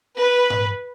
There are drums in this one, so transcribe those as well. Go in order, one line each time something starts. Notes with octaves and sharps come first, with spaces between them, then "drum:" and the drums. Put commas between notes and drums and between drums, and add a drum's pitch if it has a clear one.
B4
drum: tom G#2